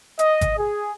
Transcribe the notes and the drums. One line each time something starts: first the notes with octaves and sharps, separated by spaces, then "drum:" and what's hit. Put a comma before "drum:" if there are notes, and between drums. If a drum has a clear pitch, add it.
D#5, drum: hi-hat
drum: kick G#1, hi-hat
G#4